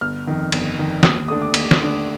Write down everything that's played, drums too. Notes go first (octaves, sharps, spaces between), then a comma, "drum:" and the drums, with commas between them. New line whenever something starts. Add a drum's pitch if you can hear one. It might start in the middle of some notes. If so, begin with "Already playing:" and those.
G1 F6
F2 D#3
G1, drum: cymbal
F2 D#3
D#2 D#6, drum: snare
D3 A3 D4 D#6
D6
D#2, drum: cymbal
drum: snare
D3 A3 D4